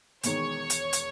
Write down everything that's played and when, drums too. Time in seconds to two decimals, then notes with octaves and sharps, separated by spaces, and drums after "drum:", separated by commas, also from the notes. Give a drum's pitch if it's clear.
0.23 E1 E2 D#3 G#3 C#5, drum: hi-hat
0.70 drum: hi-hat
0.93 drum: hi-hat